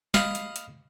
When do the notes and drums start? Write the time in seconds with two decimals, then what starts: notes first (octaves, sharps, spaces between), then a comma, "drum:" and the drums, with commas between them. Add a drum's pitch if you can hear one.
0.14 D#5 F5 B5, drum: snare
0.35 drum: hi-hat
0.56 drum: hi-hat